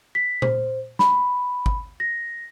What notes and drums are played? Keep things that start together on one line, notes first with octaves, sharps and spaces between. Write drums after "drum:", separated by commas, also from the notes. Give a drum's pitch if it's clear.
B6
C5, drum: tom A#2
B5, drum: snare
drum: kick
A#6